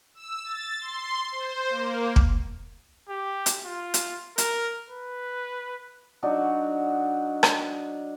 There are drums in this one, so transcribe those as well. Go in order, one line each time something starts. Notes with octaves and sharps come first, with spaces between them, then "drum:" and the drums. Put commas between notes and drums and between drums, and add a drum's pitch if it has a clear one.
E6
A6
C6
C5
A#3
drum: kick
G4
drum: hi-hat
F4
drum: hi-hat
A#4, drum: hi-hat
B4
F#3 D4 D#4 F#4
drum: rim click